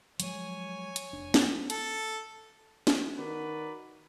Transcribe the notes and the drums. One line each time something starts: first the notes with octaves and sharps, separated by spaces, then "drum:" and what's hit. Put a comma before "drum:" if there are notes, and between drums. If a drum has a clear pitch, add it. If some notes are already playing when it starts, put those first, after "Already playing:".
F3 F#3 G#3 C#5 G#5, drum: hi-hat
drum: hi-hat
F1 D4
drum: snare
A4, drum: hi-hat
drum: snare
D#3 D#4 F#4 A#4 B4 D5